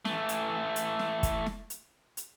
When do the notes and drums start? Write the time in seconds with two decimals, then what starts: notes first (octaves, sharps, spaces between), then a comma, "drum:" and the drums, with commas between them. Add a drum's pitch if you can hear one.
0.05 E3 A3, drum: snare
0.29 drum: hi-hat
0.76 drum: hi-hat
0.99 drum: snare
1.23 drum: kick, hi-hat
1.46 drum: snare
1.70 drum: hi-hat
2.17 drum: hi-hat